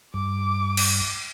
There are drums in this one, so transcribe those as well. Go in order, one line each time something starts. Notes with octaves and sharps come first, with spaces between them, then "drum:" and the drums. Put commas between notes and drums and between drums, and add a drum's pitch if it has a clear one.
G2 D6
drum: cymbal